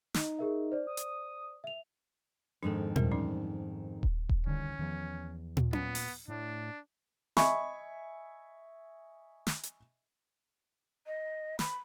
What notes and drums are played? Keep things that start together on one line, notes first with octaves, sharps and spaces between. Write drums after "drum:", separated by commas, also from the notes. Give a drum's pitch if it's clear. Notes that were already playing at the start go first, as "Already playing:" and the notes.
D#4, drum: snare
G#4 A#4 E5
C5 D5
D#6
drum: hi-hat
E5 F7
F2 G#2 D#3 D4 A4
G3 A#4, drum: tom
E3 C#4 D#4
drum: kick D#1
drum: kick D#1
C2 D3 D#3 C#4
E2 D#3 F3
drum: tom
A#2 B3, drum: tom
drum: open hi-hat
A2 D4
D#5 E5 G#5 B5 C#6, drum: snare
drum: snare
drum: hi-hat
D#5
B5, drum: snare